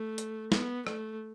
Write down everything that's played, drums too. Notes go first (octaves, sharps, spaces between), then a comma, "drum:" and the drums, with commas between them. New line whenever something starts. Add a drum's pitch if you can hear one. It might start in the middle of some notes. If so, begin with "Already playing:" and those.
Already playing: A3
drum: hi-hat
B3, drum: snare
A3, drum: rim click